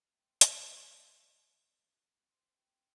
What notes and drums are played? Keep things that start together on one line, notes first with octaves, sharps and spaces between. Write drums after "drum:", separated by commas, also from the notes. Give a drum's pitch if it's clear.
A3 C4
drum: hi-hat
C4 A4 B4 F#5
C3 C5
G2 G3 C4